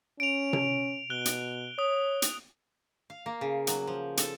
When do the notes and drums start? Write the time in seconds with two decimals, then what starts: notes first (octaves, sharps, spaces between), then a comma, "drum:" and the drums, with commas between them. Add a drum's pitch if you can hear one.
0.20 C#4 D7 F7
0.53 drum: tom C3
1.10 B2 F#6 G7
1.25 drum: hi-hat
1.79 C#5 D#6
2.22 drum: hi-hat
3.10 F5
3.26 A#3
3.41 C#3
3.67 F#3, drum: hi-hat
3.87 F3
4.17 A4, drum: hi-hat